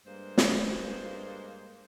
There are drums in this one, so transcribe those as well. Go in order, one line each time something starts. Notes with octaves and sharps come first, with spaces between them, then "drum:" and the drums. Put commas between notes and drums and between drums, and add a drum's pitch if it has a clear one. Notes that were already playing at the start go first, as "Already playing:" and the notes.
G2 G#3 A#3 C5
drum: snare